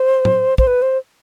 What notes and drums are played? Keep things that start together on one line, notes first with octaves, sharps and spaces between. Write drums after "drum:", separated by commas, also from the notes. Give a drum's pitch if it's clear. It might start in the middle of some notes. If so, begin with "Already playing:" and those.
Already playing: C5
drum: tom
C5, drum: kick
B4
C5